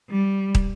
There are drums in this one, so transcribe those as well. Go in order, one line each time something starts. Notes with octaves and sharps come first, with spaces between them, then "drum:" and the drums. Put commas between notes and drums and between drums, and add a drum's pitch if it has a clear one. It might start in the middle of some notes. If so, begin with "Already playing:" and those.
G3
drum: kick